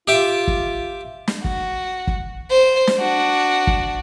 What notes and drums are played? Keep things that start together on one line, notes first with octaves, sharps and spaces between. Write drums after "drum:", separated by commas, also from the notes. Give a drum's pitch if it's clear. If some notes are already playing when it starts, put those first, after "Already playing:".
F4 G4 E5 D6
drum: kick
drum: snare
F#4, drum: kick
drum: kick
C5
drum: snare
D4 F#4
drum: kick